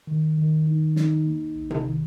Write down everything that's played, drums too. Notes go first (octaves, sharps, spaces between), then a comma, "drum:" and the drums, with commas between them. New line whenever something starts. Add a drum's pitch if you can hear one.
D#3
D#3
D#4
D#4, drum: snare
A#3
A#1
drum: tom C3
D#3